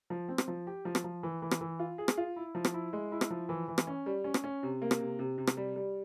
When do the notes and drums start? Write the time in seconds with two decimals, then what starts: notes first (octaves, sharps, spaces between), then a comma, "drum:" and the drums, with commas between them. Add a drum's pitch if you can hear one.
0.10 F3
0.29 C4
0.38 drum: rim click
0.48 F3
0.67 G4
0.85 F3
0.95 drum: rim click
1.04 F3
1.23 E3
1.42 E3
1.51 drum: rim click
1.61 E3
1.79 F4
1.98 G#4
2.08 drum: rim click
2.18 F4
2.36 E4
2.55 F3
2.65 drum: rim click
2.74 E4
2.93 G#3
3.12 E4
3.21 drum: rim click
3.30 F3
3.49 E3
3.68 E3
3.78 drum: rim click
3.87 C#4
4.06 G3
4.24 C#4
4.34 drum: rim click
4.44 C#4
4.63 C3
4.82 A#3
4.91 drum: rim click
5.01 C3
5.19 C3
5.38 C3
5.47 drum: rim click
5.57 G3
5.76 G3